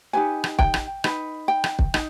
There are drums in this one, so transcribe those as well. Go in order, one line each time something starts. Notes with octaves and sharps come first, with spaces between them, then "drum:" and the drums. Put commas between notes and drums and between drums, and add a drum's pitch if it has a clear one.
D#4 G4 B4 G#5
drum: rim click
G5, drum: kick
drum: rim click
D#4 B4, drum: rim click
G5
drum: rim click
drum: kick
D#4, drum: rim click